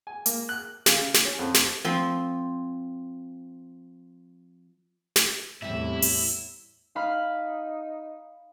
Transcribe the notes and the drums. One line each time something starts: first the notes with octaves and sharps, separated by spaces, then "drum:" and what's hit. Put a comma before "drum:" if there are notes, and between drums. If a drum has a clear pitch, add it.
G#5
A#3, drum: hi-hat
F#6
C#3, drum: snare
drum: snare
C#4
F2
drum: snare
F3 C4
drum: snare
E2 A2 C3 G3 E4 E5
drum: open hi-hat
D#4 F5 B5 F6